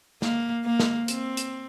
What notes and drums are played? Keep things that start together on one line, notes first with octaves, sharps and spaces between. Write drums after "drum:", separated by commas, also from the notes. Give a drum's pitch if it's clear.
A#3, drum: snare
A#3
drum: snare
C4, drum: hi-hat
drum: hi-hat